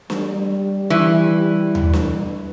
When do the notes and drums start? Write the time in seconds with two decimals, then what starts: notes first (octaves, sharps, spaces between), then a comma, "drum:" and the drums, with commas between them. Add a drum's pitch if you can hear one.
0.10 G3, drum: snare
0.90 E3
1.75 drum: tom D#2
1.93 drum: snare